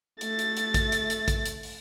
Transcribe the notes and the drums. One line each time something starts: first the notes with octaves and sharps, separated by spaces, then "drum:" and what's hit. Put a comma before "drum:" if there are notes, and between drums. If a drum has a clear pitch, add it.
A3 A6, drum: hi-hat
drum: hi-hat
drum: hi-hat
drum: kick, hi-hat
drum: hi-hat
drum: hi-hat
drum: kick, hi-hat
drum: hi-hat
drum: open hi-hat